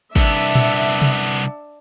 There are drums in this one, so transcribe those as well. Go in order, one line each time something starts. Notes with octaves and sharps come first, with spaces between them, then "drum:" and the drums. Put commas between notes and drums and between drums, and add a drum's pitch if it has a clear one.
C2 B3 D4 E5, drum: kick
drum: tom A#2
drum: tom C3